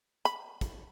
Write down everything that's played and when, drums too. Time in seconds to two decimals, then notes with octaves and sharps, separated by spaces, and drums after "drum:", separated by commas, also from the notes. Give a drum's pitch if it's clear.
0.25 B5, drum: hi-hat
0.61 drum: kick, hi-hat